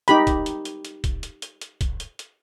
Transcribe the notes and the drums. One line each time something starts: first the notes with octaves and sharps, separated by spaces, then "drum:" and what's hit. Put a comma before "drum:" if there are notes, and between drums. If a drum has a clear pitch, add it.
D#4 G4 B5, drum: hi-hat
drum: kick, hi-hat
drum: hi-hat
drum: hi-hat
drum: hi-hat
drum: kick, hi-hat
drum: hi-hat
drum: hi-hat
drum: hi-hat
drum: kick, hi-hat
drum: hi-hat
drum: hi-hat